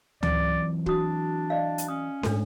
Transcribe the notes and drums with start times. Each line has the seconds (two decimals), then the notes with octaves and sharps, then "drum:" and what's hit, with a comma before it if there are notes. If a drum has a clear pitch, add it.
0.23 E3 F#3 C4 D5, drum: tom C#2
0.86 D4 F#4 D#6, drum: kick
1.50 D5 D#5 F5
1.78 drum: hi-hat
1.88 C#4 D#6
2.23 G#2 G#3 A3 D4 A4, drum: snare